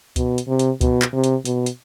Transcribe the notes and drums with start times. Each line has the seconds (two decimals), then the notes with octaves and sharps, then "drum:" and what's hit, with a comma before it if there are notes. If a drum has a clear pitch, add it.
0.16 B2, drum: kick C#2, hi-hat
0.38 drum: hi-hat
0.48 C3
0.59 drum: hi-hat
0.81 B2, drum: kick C#2, hi-hat
1.02 drum: clap
1.13 C3
1.24 drum: hi-hat
1.45 B2, drum: hi-hat
1.66 drum: hi-hat